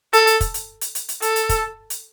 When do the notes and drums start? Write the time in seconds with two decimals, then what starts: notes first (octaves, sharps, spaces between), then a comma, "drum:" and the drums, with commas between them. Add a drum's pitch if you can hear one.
0.13 A4, drum: hi-hat
0.27 drum: hi-hat
0.41 drum: kick, hi-hat
0.54 drum: hi-hat
0.81 drum: hi-hat
0.95 drum: hi-hat
1.09 drum: hi-hat
1.22 A4, drum: hi-hat
1.36 drum: hi-hat
1.49 drum: kick, hi-hat
1.90 drum: hi-hat